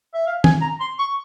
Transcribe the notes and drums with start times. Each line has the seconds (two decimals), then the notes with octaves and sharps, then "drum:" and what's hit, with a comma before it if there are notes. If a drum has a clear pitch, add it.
0.14 E5
0.27 F5
0.44 G#5, drum: tom
0.62 A#5
0.81 C6
0.99 C#6